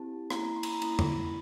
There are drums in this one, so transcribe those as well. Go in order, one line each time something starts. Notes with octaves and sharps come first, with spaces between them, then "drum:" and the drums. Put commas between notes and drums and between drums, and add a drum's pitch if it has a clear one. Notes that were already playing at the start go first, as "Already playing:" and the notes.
Already playing: C4 E4 G4 A5
A#3 C#4 E4 A#5, drum: rim click
B5
C6
A#5, drum: cymbal
B5
A#3 C#4 E4 B5, drum: cymbal
drum: tom
B5